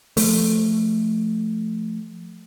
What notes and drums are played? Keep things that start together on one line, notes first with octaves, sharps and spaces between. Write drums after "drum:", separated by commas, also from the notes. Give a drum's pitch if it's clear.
F3 A3, drum: open hi-hat